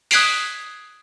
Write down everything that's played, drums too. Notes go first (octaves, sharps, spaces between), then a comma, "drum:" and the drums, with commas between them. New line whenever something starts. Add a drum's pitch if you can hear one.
D#6 F#6 G#6 B6 C7 D7, drum: open hi-hat